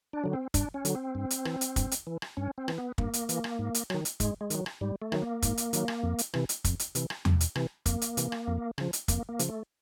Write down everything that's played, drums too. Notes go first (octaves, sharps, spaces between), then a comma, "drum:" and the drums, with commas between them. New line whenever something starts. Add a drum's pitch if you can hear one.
D4
D3 F#3
C4
G2 D4, drum: kick, hi-hat
C#4
D3 F#3, drum: hi-hat
C4
G2
drum: hi-hat
E3, drum: rim click
drum: hi-hat
G2, drum: kick, hi-hat
drum: hi-hat
E3
drum: rim click
G2 C#4
C4
E3, drum: rim click
B3
G2 A#3, drum: kick
drum: hi-hat
E3, drum: hi-hat
drum: rim click
G#2
drum: hi-hat
D#3 F#3, drum: rim click
drum: hi-hat
G#2 G#3, drum: kick, hi-hat
G#3
D#3 F#3, drum: hi-hat
drum: rim click
G#2 G3
A3
D#3 F#3, drum: rim click
A#3
G#2, drum: kick, hi-hat
drum: hi-hat
D#3 F#3, drum: hi-hat
drum: rim click
F2
drum: hi-hat
C3 E3, drum: rim click
drum: hi-hat
F2, drum: kick, hi-hat
drum: hi-hat
C3 E3, drum: hi-hat
drum: rim click
F2, drum: tom E2
drum: hi-hat
C3 E3, drum: rim click
F2 A#3, drum: kick, hi-hat
drum: hi-hat
C3 E3, drum: hi-hat
drum: rim click
F2
C#3 F3, drum: rim click
drum: hi-hat
F2 A#3, drum: kick, hi-hat
A#3
C#3 F3, drum: hi-hat
A3